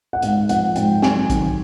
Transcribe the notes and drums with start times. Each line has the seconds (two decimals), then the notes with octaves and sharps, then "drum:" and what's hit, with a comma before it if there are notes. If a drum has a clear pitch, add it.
0.13 F#5
0.22 G#2 F5, drum: hi-hat
0.49 F3 F#5, drum: hi-hat
0.76 G#2 G5, drum: hi-hat
1.02 F#3 G#5, drum: snare
1.30 D#3, drum: kick, hi-hat